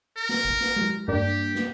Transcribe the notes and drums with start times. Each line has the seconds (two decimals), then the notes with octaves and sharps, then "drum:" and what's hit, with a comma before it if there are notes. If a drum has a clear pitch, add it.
0.17 A#4
0.29 drum: snare
0.45 drum: kick A1
0.61 drum: snare
0.76 drum: tom G#3
1.08 G2 A#3 D4 G4
1.55 drum: snare